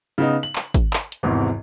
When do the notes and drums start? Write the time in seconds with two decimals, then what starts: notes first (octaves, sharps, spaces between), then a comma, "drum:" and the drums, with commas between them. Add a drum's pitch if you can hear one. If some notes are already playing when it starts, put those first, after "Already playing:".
0.18 C#3 B3 D#4
0.43 F#7
0.56 drum: clap
0.74 drum: kick G#1, hi-hat
0.93 drum: clap
1.12 drum: hi-hat
1.23 G#1 E2 G#2 C3 E3